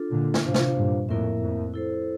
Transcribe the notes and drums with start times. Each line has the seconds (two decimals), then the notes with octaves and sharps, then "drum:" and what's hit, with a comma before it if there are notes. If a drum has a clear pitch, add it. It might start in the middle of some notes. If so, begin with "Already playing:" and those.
Already playing: D4 F4 A4
0.12 A#2 D3
0.34 drum: snare
0.44 A2 C3 D4 F4 C5 F5
0.54 drum: snare
0.76 G2 A#2
1.09 F2 A2 A#3 E4 A#4 E5
1.41 F2
1.74 E4 A4 C5